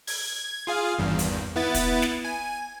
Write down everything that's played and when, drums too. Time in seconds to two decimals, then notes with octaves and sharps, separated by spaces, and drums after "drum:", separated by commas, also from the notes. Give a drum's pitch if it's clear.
0.07 G#6, drum: open hi-hat
0.67 F4 G#4 F5
0.99 G#1 E2 G2
1.19 drum: hi-hat
1.56 B3 E4 A6
1.74 drum: kick, hi-hat
2.02 drum: snare
2.25 G#5